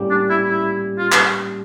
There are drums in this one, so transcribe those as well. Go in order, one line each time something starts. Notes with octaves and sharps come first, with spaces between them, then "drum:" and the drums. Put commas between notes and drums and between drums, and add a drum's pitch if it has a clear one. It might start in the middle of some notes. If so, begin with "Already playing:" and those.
Already playing: A2 G3 A#3 C#4 G4
D4
E4
E4
F4
drum: clap